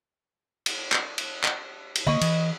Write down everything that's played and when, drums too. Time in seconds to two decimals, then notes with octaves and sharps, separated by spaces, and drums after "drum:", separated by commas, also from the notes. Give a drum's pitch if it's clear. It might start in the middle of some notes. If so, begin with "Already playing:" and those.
0.66 drum: cymbal
0.92 drum: clap
1.18 drum: cymbal
1.44 drum: clap
1.95 drum: cymbal
2.07 D3 A#3 D#5 B5 C#6
2.21 E3, drum: cymbal